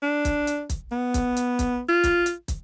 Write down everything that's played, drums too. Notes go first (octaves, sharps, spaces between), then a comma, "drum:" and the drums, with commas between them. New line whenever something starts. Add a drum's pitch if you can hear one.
D4
drum: kick, hi-hat
drum: hi-hat
drum: kick, hi-hat
B3
drum: kick, hi-hat
drum: hi-hat
drum: kick, hi-hat
F4
drum: kick, hi-hat
drum: hi-hat
drum: kick, hi-hat